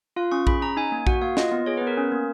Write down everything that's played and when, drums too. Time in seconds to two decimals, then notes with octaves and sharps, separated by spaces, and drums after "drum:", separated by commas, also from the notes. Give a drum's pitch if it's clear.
0.16 F4 F5
0.32 C#4 C#6
0.47 G#4 B5, drum: kick A#1
0.62 C#4 A#5
0.77 D#4 G#5
0.92 A#3
1.07 F#4 F#5, drum: kick A#1
1.22 A#3 F5
1.37 F4 D#5, drum: snare
1.52 B3
1.66 G#4 C#5
1.77 B3 B4
1.87 A#4
1.97 C#4
2.12 A#3